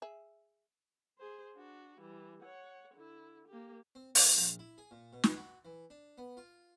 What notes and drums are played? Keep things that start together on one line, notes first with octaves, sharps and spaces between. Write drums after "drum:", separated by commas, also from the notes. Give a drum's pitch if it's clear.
G#4 E5
G#4 C5
D4 F#4
E3 G3
C#5 F#5
D3 E4
A#3 G4
C4
C2, drum: open hi-hat
A#1
E4
G#4
A#2
B2
drum: snare
F#4
E3
D4
B3
F4